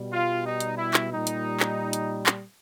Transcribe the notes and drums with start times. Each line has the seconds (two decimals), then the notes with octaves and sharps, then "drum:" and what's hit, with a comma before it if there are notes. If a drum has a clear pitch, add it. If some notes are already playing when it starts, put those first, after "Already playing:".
Already playing: B2 G3
0.11 F4
0.44 D#4
0.60 drum: hi-hat
0.76 E4
0.94 drum: clap
1.11 A#2 G3 D#4
1.27 drum: hi-hat
1.60 drum: clap
1.93 drum: hi-hat
2.26 drum: clap